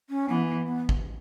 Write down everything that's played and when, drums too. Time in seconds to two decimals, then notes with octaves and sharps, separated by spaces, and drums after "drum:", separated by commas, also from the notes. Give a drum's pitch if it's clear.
0.09 C#4
0.28 E3 B3
0.46 B3
0.66 B3
0.89 drum: kick